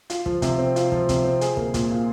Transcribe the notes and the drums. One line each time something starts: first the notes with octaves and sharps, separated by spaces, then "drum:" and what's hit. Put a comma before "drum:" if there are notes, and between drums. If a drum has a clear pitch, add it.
F4, drum: hi-hat
F3, drum: kick
C3, drum: kick, hi-hat
C4
F4, drum: hi-hat
F3, drum: kick
C3, drum: kick, hi-hat
C4
G#4, drum: hi-hat
A#3, drum: kick
A#2, drum: kick, hi-hat
F4